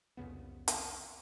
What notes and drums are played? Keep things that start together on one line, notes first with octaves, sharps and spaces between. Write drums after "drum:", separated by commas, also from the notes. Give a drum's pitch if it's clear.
C2 F2 C#3 B3
drum: hi-hat